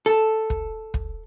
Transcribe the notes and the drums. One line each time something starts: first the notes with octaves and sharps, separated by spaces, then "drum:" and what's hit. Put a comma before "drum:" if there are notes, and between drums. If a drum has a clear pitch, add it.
A4
drum: kick
drum: kick